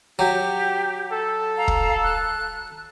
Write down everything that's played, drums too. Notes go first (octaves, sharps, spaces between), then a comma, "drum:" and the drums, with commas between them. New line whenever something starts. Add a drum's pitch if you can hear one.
F#3 G4
A4
F5 A#5
drum: kick
F#6